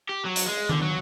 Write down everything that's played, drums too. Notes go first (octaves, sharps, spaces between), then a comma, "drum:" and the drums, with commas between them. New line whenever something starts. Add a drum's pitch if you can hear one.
G4
F#3
drum: hi-hat
G#3
D3, drum: tom D#3
F#3